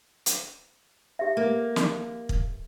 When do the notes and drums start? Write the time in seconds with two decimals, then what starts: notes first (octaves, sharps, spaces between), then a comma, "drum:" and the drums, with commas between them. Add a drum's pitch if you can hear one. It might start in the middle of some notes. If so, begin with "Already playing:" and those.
0.26 drum: hi-hat
1.19 G4 E5
1.37 A#3
1.76 drum: snare
2.29 drum: kick